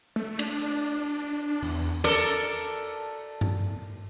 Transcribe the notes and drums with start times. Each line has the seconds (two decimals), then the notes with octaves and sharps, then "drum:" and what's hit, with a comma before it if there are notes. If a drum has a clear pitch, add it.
0.16 A3
0.39 D4, drum: cymbal
1.63 E2, drum: open hi-hat
2.04 A4 A#4 D5, drum: cymbal
3.41 drum: tom G2